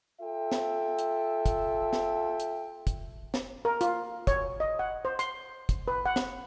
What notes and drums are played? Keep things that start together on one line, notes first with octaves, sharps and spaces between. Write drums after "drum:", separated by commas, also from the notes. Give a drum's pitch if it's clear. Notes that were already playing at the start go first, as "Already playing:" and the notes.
F4 A4 E5 G5
drum: snare
drum: hi-hat
drum: kick, hi-hat
drum: snare
drum: hi-hat
drum: kick, hi-hat
drum: snare
A#4
F4, drum: hi-hat
C#5, drum: kick, hi-hat
D#5
F#5
C5
C6, drum: hi-hat
drum: kick, hi-hat
B4
F#5
drum: snare